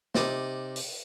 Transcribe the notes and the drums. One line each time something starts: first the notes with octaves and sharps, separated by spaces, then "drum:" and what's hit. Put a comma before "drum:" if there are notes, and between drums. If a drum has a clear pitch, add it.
C3 D#4 D5 D#6, drum: snare
drum: open hi-hat